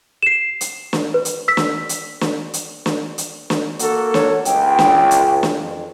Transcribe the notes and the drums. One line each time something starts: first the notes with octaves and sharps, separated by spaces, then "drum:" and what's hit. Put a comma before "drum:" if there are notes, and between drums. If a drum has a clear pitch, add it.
C7 E7
drum: hi-hat
drum: snare
B4
drum: hi-hat
E6 B6
drum: snare
drum: hi-hat
drum: snare
drum: hi-hat
drum: snare
drum: hi-hat
drum: snare
A#3 F#4 A4, drum: hi-hat
C#5, drum: snare
C#2 G5, drum: hi-hat
drum: snare
drum: hi-hat
drum: snare
F2